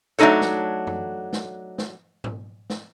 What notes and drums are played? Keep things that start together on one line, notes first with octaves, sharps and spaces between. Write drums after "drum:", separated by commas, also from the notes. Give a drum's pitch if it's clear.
F#3 A3 D4 D#4 A4 C#5
drum: snare
drum: tom F#2
drum: snare
drum: snare
drum: tom G#2
drum: snare